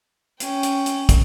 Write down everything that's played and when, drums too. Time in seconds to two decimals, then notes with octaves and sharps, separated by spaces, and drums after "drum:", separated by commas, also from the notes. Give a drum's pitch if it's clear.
0.40 C#4 G5, drum: hi-hat
0.63 drum: hi-hat
0.86 drum: hi-hat
1.09 drum: kick, hi-hat